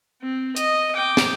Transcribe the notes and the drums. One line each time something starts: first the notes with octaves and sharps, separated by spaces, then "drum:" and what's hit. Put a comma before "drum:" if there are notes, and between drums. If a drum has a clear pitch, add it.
C4
D#5, drum: hi-hat
G5 D6
drum: snare